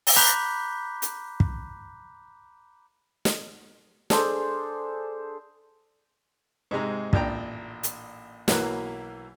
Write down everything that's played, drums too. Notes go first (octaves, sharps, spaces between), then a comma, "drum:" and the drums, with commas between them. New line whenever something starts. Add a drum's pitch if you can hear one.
drum: open hi-hat
A#5 B5 D6 F#6 G6 B6
drum: hi-hat
drum: kick
drum: snare
D4 G#4 A4 C5, drum: snare
G#2 C3 G#3 A#5
A1 A#2 D4 G5 A#5, drum: kick
drum: hi-hat
B1 E3 F#3 A#3 B4 F#6, drum: snare